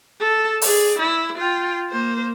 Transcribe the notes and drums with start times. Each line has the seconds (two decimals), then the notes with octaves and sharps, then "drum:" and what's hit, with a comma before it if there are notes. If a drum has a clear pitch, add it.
0.20 A4 A5
0.62 G#4 D5, drum: open hi-hat
0.99 E4
1.38 F4 G5
1.90 A#3 C5